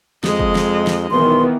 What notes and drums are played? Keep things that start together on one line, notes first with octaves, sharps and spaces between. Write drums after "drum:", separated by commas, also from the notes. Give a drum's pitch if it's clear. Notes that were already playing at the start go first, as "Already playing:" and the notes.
F2 G#3 D#5, drum: snare
drum: kick
drum: snare
drum: snare
B1 D#3 E3 B3 C6